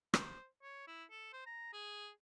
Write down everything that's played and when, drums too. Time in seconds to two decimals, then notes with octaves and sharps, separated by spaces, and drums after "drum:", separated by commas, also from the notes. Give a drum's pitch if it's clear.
0.14 C5, drum: rim click
0.63 C#5
0.88 E4
1.11 A4
1.33 C5
1.46 A#5
1.73 G#4